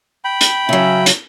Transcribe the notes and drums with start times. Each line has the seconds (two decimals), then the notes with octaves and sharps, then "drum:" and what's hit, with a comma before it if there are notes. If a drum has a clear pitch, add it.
0.24 G5 B5
0.41 drum: hi-hat
0.69 C#3 F#3 C#4 E5
1.06 drum: hi-hat